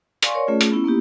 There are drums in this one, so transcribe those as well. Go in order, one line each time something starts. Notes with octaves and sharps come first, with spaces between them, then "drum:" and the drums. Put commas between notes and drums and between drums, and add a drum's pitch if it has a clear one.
D5 F5 G#5 C6 C#6, drum: hi-hat
A#4 C#5 D5
A3 C#4 F4 G#4
drum: hi-hat
B3 C#4 E4
A#3 B3 D#4 E4 G4